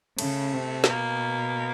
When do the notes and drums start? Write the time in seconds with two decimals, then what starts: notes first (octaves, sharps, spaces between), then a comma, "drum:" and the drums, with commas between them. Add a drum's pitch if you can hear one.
0.19 C#3 A3, drum: cymbal
0.54 C3
0.84 A3, drum: snare
0.89 B2 A#3